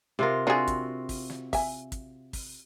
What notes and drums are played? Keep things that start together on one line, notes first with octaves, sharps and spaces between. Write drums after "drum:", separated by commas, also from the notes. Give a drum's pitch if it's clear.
C3 F4 A#4
C4 D4 F4 F#4 G#4
drum: kick, hi-hat
drum: kick, open hi-hat
drum: snare
E5 G#5, drum: kick, open hi-hat
drum: kick, hi-hat
drum: kick, open hi-hat